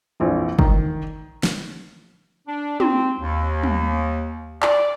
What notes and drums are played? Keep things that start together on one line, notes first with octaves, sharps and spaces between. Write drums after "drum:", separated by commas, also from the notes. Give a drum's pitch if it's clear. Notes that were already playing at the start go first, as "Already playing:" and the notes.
A#1 F2 E3
D#3, drum: kick
drum: snare
D4
C4, drum: tom
D#2
drum: tom
D5, drum: clap